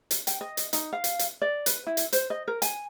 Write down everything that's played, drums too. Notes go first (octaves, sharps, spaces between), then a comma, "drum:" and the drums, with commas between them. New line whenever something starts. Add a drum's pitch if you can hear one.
drum: hi-hat
G5, drum: hi-hat
D#5
drum: hi-hat
D#4, drum: hi-hat
F5
drum: hi-hat
drum: hi-hat
D5
B4, drum: hi-hat
E4
drum: hi-hat
C5, drum: hi-hat
D#5
A#4
G#5, drum: hi-hat